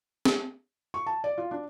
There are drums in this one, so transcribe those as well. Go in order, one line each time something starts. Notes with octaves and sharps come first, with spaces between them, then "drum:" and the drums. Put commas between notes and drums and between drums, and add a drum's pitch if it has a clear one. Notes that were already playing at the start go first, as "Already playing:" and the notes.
drum: snare
C#6
A5
D5
F4
D4